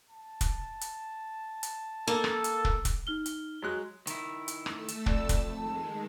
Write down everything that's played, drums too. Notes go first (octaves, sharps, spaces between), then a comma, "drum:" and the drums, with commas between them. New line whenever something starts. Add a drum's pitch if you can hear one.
A5
drum: kick, hi-hat
drum: hi-hat
drum: hi-hat
A#3 A4
drum: rim click
drum: hi-hat
drum: kick
drum: kick, hi-hat
D#4 F6 G7
drum: hi-hat
F#3 G#3 F#6
D#3 E4, drum: hi-hat
drum: hi-hat
A3 A5 E6, drum: rim click
drum: hi-hat
F2 D5, drum: kick
drum: kick, hi-hat
D#3 G#3 A5